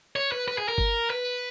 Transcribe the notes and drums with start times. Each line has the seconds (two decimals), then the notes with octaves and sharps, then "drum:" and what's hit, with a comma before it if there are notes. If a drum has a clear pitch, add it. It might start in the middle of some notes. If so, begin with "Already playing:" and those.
0.16 C#5
0.32 B4
0.48 B4
0.58 G#4
0.68 A#4
0.78 drum: kick G1
1.10 B4